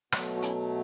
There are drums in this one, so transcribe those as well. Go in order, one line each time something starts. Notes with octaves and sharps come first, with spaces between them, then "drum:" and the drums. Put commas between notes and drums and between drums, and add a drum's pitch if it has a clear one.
B2 F#3 A3, drum: rim click
F#4
C#4 E4, drum: hi-hat